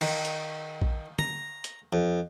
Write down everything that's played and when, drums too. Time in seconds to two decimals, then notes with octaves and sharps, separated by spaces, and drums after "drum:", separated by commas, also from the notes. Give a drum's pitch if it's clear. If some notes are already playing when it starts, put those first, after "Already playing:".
0.01 D#3, drum: cymbal
0.25 drum: hi-hat
0.82 drum: kick A#1
1.19 A#5, drum: tom
1.64 drum: hi-hat
1.93 F2